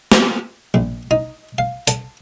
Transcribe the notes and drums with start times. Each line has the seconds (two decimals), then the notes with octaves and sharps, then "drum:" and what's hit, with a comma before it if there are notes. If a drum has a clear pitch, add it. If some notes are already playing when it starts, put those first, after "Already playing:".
0.12 drum: snare
0.74 A#1
1.11 D#4
1.58 F5
1.87 A5, drum: hi-hat